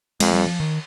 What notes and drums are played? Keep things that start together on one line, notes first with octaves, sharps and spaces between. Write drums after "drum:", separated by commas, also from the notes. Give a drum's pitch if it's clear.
F2 G#3, drum: cymbal
G3
F3
D#3